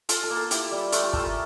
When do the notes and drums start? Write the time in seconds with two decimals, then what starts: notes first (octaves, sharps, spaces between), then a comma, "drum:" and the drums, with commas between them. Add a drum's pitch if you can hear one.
0.09 F4 A4, drum: hi-hat
0.23 A4
0.30 A#3
0.37 A4
0.51 E4 G4, drum: hi-hat
0.71 G3
0.92 A3 F4, drum: hi-hat
1.04 G4
1.13 A3 A4, drum: kick
1.24 A#4